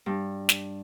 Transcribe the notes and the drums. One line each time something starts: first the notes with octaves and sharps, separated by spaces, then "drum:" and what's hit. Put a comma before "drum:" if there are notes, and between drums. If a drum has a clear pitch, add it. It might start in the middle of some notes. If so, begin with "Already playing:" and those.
G2
drum: snare